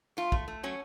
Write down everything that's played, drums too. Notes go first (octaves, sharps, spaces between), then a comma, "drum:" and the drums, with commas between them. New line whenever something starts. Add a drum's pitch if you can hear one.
A3 F4
A3, drum: kick
A3
F#3 C#4